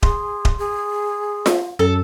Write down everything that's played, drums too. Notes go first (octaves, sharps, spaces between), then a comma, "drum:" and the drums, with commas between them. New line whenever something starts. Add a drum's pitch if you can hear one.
G#4 C6, drum: kick D#1
drum: kick D#1
G#4
drum: snare F4
F#2 A4